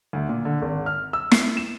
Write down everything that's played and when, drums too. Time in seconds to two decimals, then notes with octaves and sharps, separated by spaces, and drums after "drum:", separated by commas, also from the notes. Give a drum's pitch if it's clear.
0.13 D2
0.29 A#2
0.45 D3
0.62 G#1
0.86 F6
1.13 E6
1.31 C7, drum: snare
1.57 E7